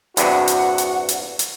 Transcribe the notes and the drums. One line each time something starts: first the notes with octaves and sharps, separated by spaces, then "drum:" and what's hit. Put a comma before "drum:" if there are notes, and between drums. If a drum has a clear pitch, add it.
E2 G2 C3 F#4 F#5, drum: hi-hat
drum: hi-hat
drum: hi-hat
drum: hi-hat
drum: hi-hat